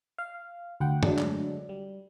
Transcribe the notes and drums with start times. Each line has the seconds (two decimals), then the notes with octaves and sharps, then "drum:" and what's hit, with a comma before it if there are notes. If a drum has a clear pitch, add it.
0.18 F5
0.80 D2 F#5 G5
1.03 D3 F#3 G#3 A3 D4, drum: tom
1.18 drum: clap
1.69 G3